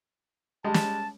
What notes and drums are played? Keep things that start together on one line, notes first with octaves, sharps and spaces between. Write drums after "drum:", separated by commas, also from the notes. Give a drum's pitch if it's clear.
G3 G#3 A5
drum: snare